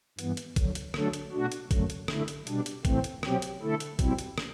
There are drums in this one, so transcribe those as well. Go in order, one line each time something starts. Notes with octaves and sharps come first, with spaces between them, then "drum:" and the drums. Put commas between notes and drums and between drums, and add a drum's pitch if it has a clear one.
G2 E3 B3, drum: hi-hat
drum: hi-hat
D2 D3 F#3, drum: kick, hi-hat
drum: hi-hat
D3 F#3 A3 D4 A4, drum: rim click
drum: hi-hat
B2 A3 D4 F#4
drum: hi-hat
F#2 D3 F#3 A3, drum: kick, hi-hat
drum: hi-hat
D3 A3 E4, drum: rim click
drum: hi-hat
B2 G3 D4, drum: hi-hat
drum: hi-hat
A2 E3 A3 C4, drum: kick, hi-hat
drum: hi-hat
B2 F#3 C4 G4, drum: rim click
drum: hi-hat
D3 A3 E4 A4
drum: hi-hat
B2 G3 C4 E4, drum: kick, hi-hat
drum: hi-hat
drum: rim click